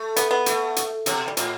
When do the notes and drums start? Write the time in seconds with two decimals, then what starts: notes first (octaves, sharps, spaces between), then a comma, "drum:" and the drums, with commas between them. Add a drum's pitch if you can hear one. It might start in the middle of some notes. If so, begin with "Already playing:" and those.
Already playing: A3
0.16 B3, drum: hi-hat
0.31 B3
0.46 A3, drum: hi-hat
0.76 drum: hi-hat
1.06 B2 F#3, drum: hi-hat
1.28 G3
1.37 A2 F#3, drum: hi-hat